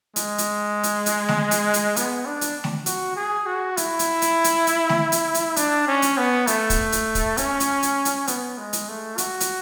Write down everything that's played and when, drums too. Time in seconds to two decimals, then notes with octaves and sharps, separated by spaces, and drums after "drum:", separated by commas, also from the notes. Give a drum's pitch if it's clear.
0.16 G#3, drum: hi-hat
0.38 drum: hi-hat
0.83 drum: hi-hat
1.06 drum: hi-hat
1.29 drum: snare A3
1.51 drum: hi-hat
1.74 drum: hi-hat
1.96 B3, drum: hi-hat
2.26 D4
2.41 drum: hi-hat
2.64 drum: snare A3
2.86 F#4, drum: hi-hat
3.16 G#4
3.46 F#4
3.77 E4, drum: hi-hat
3.99 drum: hi-hat
4.22 drum: hi-hat
4.44 drum: hi-hat
4.67 drum: hi-hat
4.89 drum: snare A3
5.12 drum: hi-hat
5.34 drum: hi-hat
5.56 D4, drum: hi-hat
5.87 C#4
6.02 drum: hi-hat
6.17 B3
6.47 A3, drum: hi-hat
6.70 drum: kick, hi-hat
6.92 drum: hi-hat
7.15 drum: kick, hi-hat
7.37 C#4, drum: hi-hat
7.60 drum: hi-hat
7.83 drum: hi-hat
8.05 drum: hi-hat
8.27 B3, drum: hi-hat
8.58 G#3
8.73 drum: hi-hat
8.88 A3
9.18 F#4, drum: hi-hat
9.40 drum: hi-hat